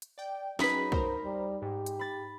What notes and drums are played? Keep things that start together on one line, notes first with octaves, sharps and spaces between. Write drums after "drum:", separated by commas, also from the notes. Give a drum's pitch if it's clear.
drum: hi-hat
D5 G5
F#3 C#4 D#4 G#4 B4 B5 B6, drum: snare
A#4 C5 A#5, drum: kick
G3
G#2 G4
drum: hi-hat
B5 A6